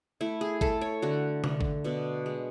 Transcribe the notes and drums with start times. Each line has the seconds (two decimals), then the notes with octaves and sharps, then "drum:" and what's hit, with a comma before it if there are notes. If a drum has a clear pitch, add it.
0.21 A3 E4
0.41 G#4
0.61 A3 A4, drum: kick
0.81 C#5
1.02 D3 F#4
1.44 D3, drum: tom C3
1.61 drum: kick
1.84 B2 D4
2.26 G#3